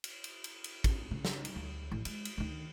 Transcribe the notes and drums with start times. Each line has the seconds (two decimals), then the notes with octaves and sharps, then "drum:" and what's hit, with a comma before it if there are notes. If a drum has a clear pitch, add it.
0.04 drum: cymbal
0.24 drum: cymbal
0.44 drum: cymbal
0.64 drum: cymbal
0.84 drum: kick, cymbal
1.11 C#3
1.25 drum: snare
1.45 drum: cymbal
1.56 D2
1.92 A1
2.05 G#3, drum: cymbal
2.25 drum: cymbal
2.38 D2 D#3